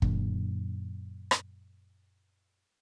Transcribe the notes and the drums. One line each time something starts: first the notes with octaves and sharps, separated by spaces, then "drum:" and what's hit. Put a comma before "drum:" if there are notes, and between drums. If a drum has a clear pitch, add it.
F#2 A#2 D3, drum: kick
drum: rim click